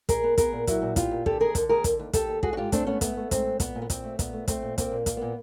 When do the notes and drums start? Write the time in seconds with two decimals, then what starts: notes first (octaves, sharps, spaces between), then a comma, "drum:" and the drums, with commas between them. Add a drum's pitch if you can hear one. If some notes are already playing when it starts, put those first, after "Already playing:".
0.09 A#2 G#4 A#4, drum: kick, hi-hat
0.24 B3
0.38 B3 G#4 A#4, drum: kick, hi-hat
0.52 A#2
0.67 F#3 E4 F#4, drum: kick, hi-hat
0.82 A#2
0.96 B3 F4 G4, drum: kick, hi-hat
1.11 A#2
1.26 D3 G4 A4, drum: kick
1.40 D#2 G#4 A#4
1.55 D3, drum: kick, hi-hat
1.69 D#2 G#4 A#4
1.84 D3, drum: kick, hi-hat
1.99 D#2
2.13 D#2 G4 A4, drum: kick, hi-hat
2.28 D#2
2.43 G#2 F#4 G#4, drum: kick
2.53 F#4
2.57 G#2 F4 G4
2.72 A3 C4 D4, drum: kick, hi-hat
2.87 G#2 B3 C#4
3.01 A3 B3, drum: kick, hi-hat
3.17 A3
3.31 G#2 C4, drum: kick, hi-hat
3.46 G#2
3.60 A#2 B3, drum: kick, hi-hat
3.75 A#2
3.82 B3
3.90 A#2 C4, drum: kick, hi-hat
4.04 A3
4.19 A#2 B3, drum: kick, hi-hat
4.33 A3
4.48 A3 C4, drum: kick, hi-hat
4.62 A#2
4.78 A#3 C4, drum: kick, hi-hat
4.92 A#2
5.06 A#3, drum: kick, hi-hat
5.17 A#2 B3